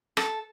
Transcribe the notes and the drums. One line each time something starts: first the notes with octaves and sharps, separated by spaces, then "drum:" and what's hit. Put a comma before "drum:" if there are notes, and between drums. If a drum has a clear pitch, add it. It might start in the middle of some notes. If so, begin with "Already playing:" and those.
A4, drum: rim click